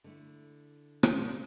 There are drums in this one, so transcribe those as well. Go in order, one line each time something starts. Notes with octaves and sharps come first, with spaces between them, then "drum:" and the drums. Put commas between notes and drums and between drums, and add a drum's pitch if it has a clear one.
D3 A3 E4
drum: rim click